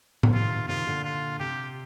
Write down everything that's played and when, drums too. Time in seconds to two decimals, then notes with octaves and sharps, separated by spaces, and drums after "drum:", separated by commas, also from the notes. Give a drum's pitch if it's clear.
0.23 D3, drum: tom A2
0.33 C3 D#3 F4
0.68 C3 D#3 F4
0.87 A#2 D3
1.04 F4
1.40 C3 G4